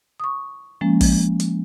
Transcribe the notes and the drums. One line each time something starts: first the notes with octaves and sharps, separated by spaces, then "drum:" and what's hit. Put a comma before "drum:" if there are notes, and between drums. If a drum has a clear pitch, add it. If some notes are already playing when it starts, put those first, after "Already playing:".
C#6 D#6
F3 G#3 A#3 C#4
drum: kick, open hi-hat
drum: hi-hat